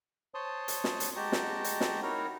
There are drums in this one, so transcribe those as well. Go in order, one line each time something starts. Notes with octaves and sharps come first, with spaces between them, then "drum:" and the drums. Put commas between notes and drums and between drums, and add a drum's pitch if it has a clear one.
C5 C#5 A5 C6 D#6
drum: hi-hat
drum: snare
drum: hi-hat
G#3 F#4 G4 G5 A5 A#5
drum: snare
drum: hi-hat
drum: snare
D#4 E4 F#4 A#4 C#5